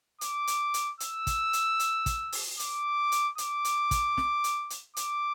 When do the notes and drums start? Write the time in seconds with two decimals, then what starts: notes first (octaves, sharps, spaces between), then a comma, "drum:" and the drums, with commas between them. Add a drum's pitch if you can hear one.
0.21 D6, drum: hi-hat
0.47 drum: hi-hat
0.74 drum: hi-hat
1.00 E6, drum: hi-hat
1.27 drum: kick, hi-hat
1.53 drum: hi-hat
1.80 drum: hi-hat
2.06 drum: kick, hi-hat
2.32 drum: open hi-hat
2.59 D6, drum: hi-hat
3.12 drum: hi-hat
3.38 D6, drum: hi-hat
3.65 drum: hi-hat
3.91 drum: kick, hi-hat
4.17 drum: snare
4.44 drum: hi-hat
4.70 drum: hi-hat
4.96 D6, drum: hi-hat